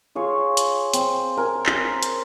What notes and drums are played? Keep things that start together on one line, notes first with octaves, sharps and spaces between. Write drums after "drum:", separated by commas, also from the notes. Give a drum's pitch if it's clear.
F4 G#4 C#5
drum: hi-hat
C4, drum: hi-hat
A#4 G#5
drum: clap
drum: hi-hat